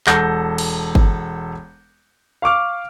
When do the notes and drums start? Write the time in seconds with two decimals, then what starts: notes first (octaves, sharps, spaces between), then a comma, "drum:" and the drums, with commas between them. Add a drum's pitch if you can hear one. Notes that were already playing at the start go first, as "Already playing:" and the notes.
0.07 E1 A4 F#5 G6 A#6, drum: clap
0.58 drum: cymbal
0.95 drum: kick G1
2.42 F5 C#6 D6 F6